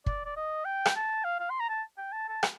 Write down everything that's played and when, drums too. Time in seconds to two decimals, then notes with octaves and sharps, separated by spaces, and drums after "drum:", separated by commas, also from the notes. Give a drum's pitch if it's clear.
0.06 D5, drum: kick
0.25 D5
0.37 D#5
0.65 G5
0.86 drum: rim click
0.96 A5
1.25 F5
1.40 F5
1.50 C6
1.60 A#5
1.69 A5
1.98 G5
2.13 A5
2.29 A5
2.43 drum: rim click